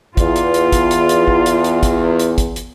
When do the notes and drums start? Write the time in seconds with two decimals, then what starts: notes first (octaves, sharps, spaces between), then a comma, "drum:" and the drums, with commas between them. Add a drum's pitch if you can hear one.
0.17 E2 F4, drum: kick, hi-hat
0.36 drum: hi-hat
0.54 drum: hi-hat
0.72 drum: kick, hi-hat
0.91 drum: hi-hat
1.09 drum: hi-hat
1.28 drum: kick
1.46 drum: hi-hat
1.64 drum: hi-hat
1.83 drum: kick, hi-hat
2.19 drum: hi-hat
2.38 drum: kick, hi-hat
2.56 drum: hi-hat